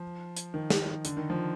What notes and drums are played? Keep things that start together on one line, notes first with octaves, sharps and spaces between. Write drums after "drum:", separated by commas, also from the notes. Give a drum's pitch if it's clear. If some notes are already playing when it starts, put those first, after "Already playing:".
Already playing: F3
drum: hi-hat
D#3
drum: snare
D3, drum: hi-hat
D#3
F3